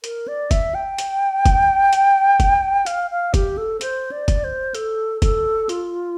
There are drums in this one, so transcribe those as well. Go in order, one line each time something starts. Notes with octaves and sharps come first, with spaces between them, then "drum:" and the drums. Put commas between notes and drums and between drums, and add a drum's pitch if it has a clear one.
A#4, drum: hi-hat
D5
E5, drum: kick F#1, hi-hat
G5
drum: hi-hat
drum: kick F#1, hi-hat
drum: hi-hat
drum: kick F#1, hi-hat
F5, drum: hi-hat
F5
G4, drum: kick F#1, hi-hat
A4
C5, drum: hi-hat
D5
drum: kick F#1, hi-hat
C5
A4, drum: hi-hat
A4, drum: kick F#1, hi-hat
F4, drum: hi-hat